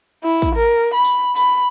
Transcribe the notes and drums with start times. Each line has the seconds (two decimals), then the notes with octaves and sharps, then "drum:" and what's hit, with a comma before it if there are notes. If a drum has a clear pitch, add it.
0.24 E4
0.42 drum: kick, tambourine
0.55 A#4
0.94 B5
1.04 drum: tambourine
1.36 B5, drum: tambourine